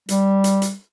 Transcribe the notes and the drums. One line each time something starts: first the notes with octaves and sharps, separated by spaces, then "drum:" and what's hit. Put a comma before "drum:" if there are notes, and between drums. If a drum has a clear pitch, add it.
G3, drum: hi-hat
drum: hi-hat
drum: hi-hat